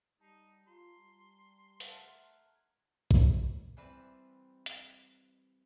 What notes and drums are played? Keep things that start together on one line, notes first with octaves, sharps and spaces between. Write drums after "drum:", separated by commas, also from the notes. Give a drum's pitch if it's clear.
G3 D#4 A5 C7
F4 A#5 C6
G3
A3 A4 F#5 F6 F#6 G#6, drum: open hi-hat
drum: kick
E3 G3 C4 B4
drum: hi-hat